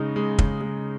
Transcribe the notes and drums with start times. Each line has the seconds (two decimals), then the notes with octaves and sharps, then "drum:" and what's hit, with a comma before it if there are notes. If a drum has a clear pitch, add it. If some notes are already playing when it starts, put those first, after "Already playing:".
Already playing: C#3 G#3 D#4
0.16 G#3
0.39 C#3, drum: kick
0.61 G#3